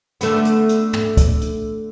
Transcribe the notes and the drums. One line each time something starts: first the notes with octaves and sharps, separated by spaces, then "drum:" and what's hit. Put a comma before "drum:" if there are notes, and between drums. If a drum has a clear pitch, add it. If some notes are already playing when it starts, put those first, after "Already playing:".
D3 A3 B3, drum: hi-hat
drum: hi-hat
drum: hi-hat
drum: tom
drum: kick, hi-hat
drum: hi-hat